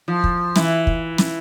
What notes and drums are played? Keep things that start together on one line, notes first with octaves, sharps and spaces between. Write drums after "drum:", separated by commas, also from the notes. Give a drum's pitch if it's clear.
F3
drum: kick
E3, drum: snare
drum: kick
drum: snare